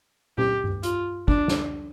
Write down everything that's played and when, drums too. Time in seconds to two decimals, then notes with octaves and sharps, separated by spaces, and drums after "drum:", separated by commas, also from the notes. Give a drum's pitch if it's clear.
0.38 G4, drum: tom
0.64 drum: tom G2
0.83 F4, drum: hi-hat
1.28 D4, drum: kick
1.48 drum: snare